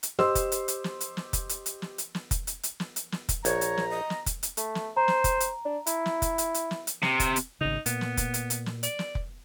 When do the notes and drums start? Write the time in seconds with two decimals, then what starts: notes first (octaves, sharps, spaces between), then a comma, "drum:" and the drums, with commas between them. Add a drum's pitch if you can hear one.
0.03 drum: hi-hat
0.19 G4 C5 D#5 C6 E6, drum: snare
0.35 drum: kick F1, hi-hat
0.52 drum: hi-hat
0.68 drum: hi-hat
0.84 drum: snare
1.01 drum: hi-hat
1.17 drum: snare
1.33 drum: kick F1, hi-hat
1.49 drum: hi-hat
1.66 drum: hi-hat
1.82 drum: snare
1.98 drum: hi-hat
2.15 drum: snare
2.31 drum: kick F1, hi-hat
2.47 drum: hi-hat
2.63 drum: hi-hat
2.80 drum: snare
2.96 drum: hi-hat
3.12 drum: snare
3.29 drum: kick F1, hi-hat
3.45 A#1 C#5 A#5, drum: hi-hat
3.61 drum: hi-hat
3.77 drum: snare
3.90 D#5
4.10 drum: snare
4.26 drum: kick F1, hi-hat
4.43 drum: hi-hat
4.57 A3, drum: hi-hat
4.75 drum: snare
4.97 C5 A#5
5.08 drum: snare
5.24 drum: kick F1, hi-hat
5.40 drum: hi-hat
5.65 D4
5.87 E4, drum: hi-hat
6.06 drum: snare
6.22 drum: kick F1, hi-hat
6.38 drum: hi-hat
6.54 drum: hi-hat
6.71 drum: snare
6.87 drum: hi-hat
7.03 C3, drum: snare
7.20 drum: kick F1, hi-hat
7.36 drum: hi-hat
7.61 G#1 C#3 D#4
7.86 A#2 B3, drum: hi-hat
8.01 drum: snare
8.17 drum: kick F1, hi-hat
8.34 drum: hi-hat
8.50 drum: hi-hat
8.66 drum: snare
8.83 D5, drum: hi-hat
8.99 drum: snare
9.15 drum: kick F1